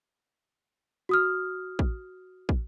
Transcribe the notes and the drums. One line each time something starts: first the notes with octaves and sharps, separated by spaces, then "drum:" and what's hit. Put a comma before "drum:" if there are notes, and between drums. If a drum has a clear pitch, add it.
F#4 D#6 F6
drum: kick
drum: kick